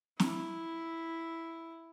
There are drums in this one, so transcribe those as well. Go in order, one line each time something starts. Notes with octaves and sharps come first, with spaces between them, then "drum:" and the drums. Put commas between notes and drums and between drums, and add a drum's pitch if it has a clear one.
E4, drum: snare